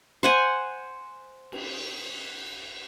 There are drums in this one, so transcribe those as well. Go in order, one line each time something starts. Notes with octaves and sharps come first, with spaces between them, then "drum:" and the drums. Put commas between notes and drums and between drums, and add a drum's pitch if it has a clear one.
C5 F#5 G#5
drum: cymbal